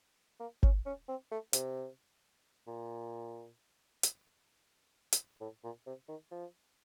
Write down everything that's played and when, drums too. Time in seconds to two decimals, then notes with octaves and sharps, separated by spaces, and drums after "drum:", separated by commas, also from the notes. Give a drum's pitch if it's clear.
0.40 A#3
0.63 C#4, drum: kick G#1
0.86 C#4
1.08 C4
1.31 A3
1.53 C3, drum: hi-hat
2.67 A#2
4.03 drum: hi-hat
5.13 drum: hi-hat
5.41 A2
5.64 A#2
5.87 C3
6.09 D#3
6.31 F3